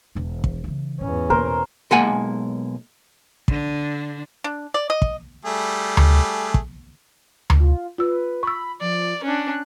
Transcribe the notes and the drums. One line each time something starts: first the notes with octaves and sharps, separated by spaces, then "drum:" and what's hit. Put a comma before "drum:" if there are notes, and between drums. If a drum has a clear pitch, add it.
E1 E3
drum: kick
C#3 E3
E2 G#2 C#4
B2 A#3 A#4 C5
B1 G#3 A#3 F#5 G#5
D3 D4, drum: kick
D4
D5
D#5
drum: kick
G3 A3 G#4
drum: tom D2
drum: kick
drum: tom D2
F4
F4 B4 E6
B5 C#6 E6
F3 D5
C#4 D4 F#6